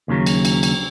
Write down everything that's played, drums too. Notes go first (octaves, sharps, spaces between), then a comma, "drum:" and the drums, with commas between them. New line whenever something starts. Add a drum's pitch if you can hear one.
D#2 C#3 F#3
drum: cymbal
drum: cymbal
drum: cymbal